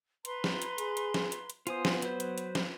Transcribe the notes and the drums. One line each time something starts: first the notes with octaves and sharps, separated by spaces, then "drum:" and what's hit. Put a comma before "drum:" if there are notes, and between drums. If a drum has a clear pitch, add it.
B4 A#5 C6, drum: hi-hat
drum: snare
drum: hi-hat
G#4, drum: hi-hat
drum: hi-hat
drum: snare
drum: hi-hat
drum: hi-hat
B3 F4 C5 G#5 D#6, drum: hi-hat
drum: snare
F#3 B4 C5, drum: hi-hat
drum: hi-hat
drum: hi-hat
drum: snare